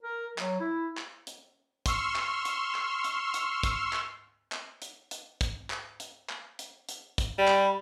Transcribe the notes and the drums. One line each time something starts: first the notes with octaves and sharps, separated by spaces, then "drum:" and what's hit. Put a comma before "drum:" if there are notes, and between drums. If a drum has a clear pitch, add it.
A#4
F#3, drum: clap
E4
drum: clap
drum: hi-hat
C6 C#6 E6 F6, drum: kick, hi-hat
drum: clap
drum: hi-hat
drum: clap
drum: hi-hat
drum: hi-hat
drum: kick, hi-hat
drum: clap
drum: clap
drum: hi-hat
drum: hi-hat
drum: kick, hi-hat
drum: clap
drum: hi-hat
drum: clap
drum: hi-hat
drum: hi-hat
drum: kick, hi-hat
G3 B5
drum: clap